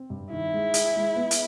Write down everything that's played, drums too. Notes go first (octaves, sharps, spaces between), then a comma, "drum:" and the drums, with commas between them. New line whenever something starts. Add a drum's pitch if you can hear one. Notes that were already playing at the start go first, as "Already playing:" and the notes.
Already playing: C4
G2
D#3 E4
G#3
G#4, drum: hi-hat
G#3
B3
drum: hi-hat